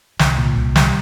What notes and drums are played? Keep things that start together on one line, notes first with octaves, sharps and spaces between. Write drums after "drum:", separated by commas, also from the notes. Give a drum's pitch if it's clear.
C2, drum: snare
A#2
C2
G3, drum: snare